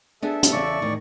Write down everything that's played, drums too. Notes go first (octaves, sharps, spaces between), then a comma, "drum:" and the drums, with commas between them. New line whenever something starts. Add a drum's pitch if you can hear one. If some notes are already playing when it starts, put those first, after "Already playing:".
B3 D4 G#4 A4 E5
drum: hi-hat
E2 A2 C#3 D5 C#6
E2 A2 D#3